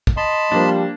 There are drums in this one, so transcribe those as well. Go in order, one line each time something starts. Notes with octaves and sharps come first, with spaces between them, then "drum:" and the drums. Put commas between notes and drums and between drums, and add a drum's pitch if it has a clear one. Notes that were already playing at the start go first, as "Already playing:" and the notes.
drum: kick
D#5 A5 B5 C6
F3 G3 A#3 D4